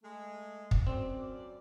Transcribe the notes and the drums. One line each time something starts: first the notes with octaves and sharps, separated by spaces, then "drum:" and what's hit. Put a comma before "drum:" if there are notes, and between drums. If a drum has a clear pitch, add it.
G#3 A3
drum: kick
F#2 C4 D5